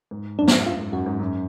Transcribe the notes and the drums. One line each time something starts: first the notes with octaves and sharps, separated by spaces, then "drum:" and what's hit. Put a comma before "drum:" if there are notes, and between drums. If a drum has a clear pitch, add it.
G#2
F#2 D4
drum: snare
F4
G#2
F#2 F#4
G#2
F#2